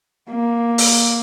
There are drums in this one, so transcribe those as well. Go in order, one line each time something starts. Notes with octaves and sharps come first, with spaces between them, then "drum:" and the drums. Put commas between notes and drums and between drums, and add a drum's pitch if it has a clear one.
A#3
drum: open hi-hat